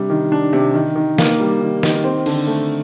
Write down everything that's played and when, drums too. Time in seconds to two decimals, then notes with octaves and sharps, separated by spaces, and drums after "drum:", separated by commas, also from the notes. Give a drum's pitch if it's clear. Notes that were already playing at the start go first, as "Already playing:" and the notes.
Already playing: C3 G3 D4
0.10 D#3
0.32 D4
0.53 C3
0.74 D#3
0.96 D#3
1.18 A#3, drum: snare
1.40 G3
1.61 D#3
1.83 D#3, drum: snare
2.04 C4
2.26 D3, drum: cymbal
2.47 A3